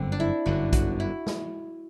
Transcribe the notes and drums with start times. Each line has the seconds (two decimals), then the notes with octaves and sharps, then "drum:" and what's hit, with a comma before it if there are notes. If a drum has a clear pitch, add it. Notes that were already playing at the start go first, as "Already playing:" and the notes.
Already playing: G1 F#2 D3 C4
0.12 D4
0.20 E4
0.46 G1 F#2 D3 F#4
0.73 F#4, drum: kick A#1, hi-hat
1.00 E4
1.26 drum: snare